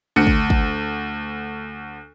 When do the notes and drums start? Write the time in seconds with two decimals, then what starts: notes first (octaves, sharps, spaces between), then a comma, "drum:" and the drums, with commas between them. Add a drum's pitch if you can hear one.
0.16 D2 C#7
0.27 drum: kick
0.50 drum: kick